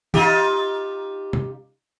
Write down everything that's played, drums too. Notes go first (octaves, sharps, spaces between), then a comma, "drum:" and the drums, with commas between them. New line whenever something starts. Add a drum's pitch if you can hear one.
D#4 F4 G4, drum: tom
drum: tom